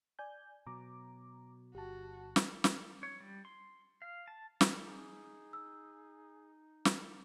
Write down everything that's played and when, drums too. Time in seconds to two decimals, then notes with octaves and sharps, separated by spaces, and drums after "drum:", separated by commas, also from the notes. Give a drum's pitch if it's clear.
0.19 D5 G#5 G6
0.67 B2 F#3 A#5 D6
1.75 G1 F#4 G4 A5
2.36 drum: snare
2.64 drum: snare
3.03 C#5
3.20 G3
3.45 C6
4.02 F5
4.28 A5
4.61 drum: snare
4.82 D#4 G#4
5.53 E6
6.85 drum: snare